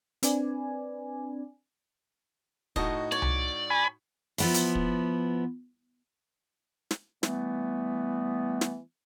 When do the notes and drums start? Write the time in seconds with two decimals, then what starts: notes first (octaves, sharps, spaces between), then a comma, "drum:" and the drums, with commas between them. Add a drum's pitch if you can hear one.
0.23 C4 D4 B4 D5 G#5, drum: hi-hat
2.76 A2 D#4 F#4 D#5 A5, drum: kick
3.12 C#5 D5
3.22 drum: tom C2
3.70 G#5 B5
4.38 F3 B3 E4, drum: open hi-hat
4.54 drum: hi-hat
4.75 drum: kick
6.91 drum: snare
7.23 E3 G3 A3 B3, drum: snare
8.61 drum: snare